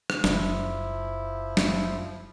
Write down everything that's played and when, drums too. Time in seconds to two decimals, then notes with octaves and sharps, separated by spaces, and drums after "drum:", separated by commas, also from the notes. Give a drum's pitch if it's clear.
0.10 drum: rim click
0.24 F#1 F3 E4, drum: snare
1.57 drum: snare